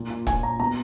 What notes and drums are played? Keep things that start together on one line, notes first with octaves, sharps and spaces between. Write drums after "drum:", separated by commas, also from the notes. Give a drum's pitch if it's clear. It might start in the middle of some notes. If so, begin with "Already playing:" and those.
Already playing: A#2
A#2
A#2 G#5, drum: kick E1
A#2 A#5
B2 A#5